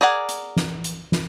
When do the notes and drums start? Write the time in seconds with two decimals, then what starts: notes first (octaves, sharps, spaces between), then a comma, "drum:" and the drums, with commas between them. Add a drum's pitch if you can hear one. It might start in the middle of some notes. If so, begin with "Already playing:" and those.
0.01 G#4 A#4 D5 F#5 G#5
0.29 drum: hi-hat
0.57 drum: snare
0.84 drum: hi-hat
1.12 drum: snare